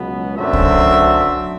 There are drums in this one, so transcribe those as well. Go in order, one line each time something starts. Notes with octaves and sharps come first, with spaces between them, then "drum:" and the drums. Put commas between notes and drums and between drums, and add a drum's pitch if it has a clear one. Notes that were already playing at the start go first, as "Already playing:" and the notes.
Already playing: C#2 B2 F#3 B3
F#2 D3 F#3 A3 C4 E5
drum: kick C2